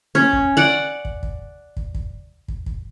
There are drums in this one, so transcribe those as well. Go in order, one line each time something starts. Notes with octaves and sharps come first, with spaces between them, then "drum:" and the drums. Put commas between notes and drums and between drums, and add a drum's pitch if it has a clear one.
C#4
drum: kick
D5 F#5
drum: kick
drum: kick
drum: kick
drum: kick
drum: kick
drum: kick